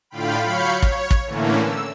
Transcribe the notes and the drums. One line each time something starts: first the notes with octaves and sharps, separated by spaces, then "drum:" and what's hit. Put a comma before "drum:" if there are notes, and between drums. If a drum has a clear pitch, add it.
A2 D3 F4 F5 G5 B5
F#3 C#5 F5 B5 G6 C#7
C#5, drum: kick
drum: kick
A2 D3 E3 A3 A#3 C#4
E6